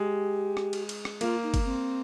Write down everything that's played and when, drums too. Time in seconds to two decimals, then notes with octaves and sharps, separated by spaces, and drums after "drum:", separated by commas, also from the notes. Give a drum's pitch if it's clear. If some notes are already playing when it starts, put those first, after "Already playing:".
Already playing: G#3 G4
0.57 drum: rim click
0.73 drum: cymbal
0.89 drum: cymbal
1.05 drum: rim click
1.21 A#3 F4, drum: cymbal
1.43 D#4
1.54 drum: kick G1, cymbal
1.65 C4